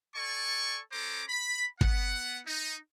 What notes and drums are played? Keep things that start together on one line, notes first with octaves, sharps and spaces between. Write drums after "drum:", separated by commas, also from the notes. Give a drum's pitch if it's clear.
A4 D5 G#5 C#6
C#4 A4 C5 A#5 D6
B5
B3 F#5, drum: kick
D#4